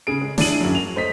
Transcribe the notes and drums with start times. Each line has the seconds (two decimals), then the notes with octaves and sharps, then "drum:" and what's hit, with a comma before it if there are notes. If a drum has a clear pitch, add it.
0.07 C#3 G#4 D7
0.21 G#3
0.38 D4 E4 G#4 D#7 F#7, drum: snare
0.60 F#2 F#3
0.75 F7
0.95 A3 C5 D#5 B6